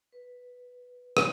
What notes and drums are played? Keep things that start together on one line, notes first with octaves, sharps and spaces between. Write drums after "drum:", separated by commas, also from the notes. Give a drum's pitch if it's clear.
B4
drum: rim click